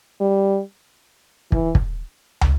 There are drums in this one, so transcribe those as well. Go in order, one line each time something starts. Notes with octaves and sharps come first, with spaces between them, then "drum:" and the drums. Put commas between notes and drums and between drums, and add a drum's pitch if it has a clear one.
G3
E3, drum: kick
drum: kick
drum: tom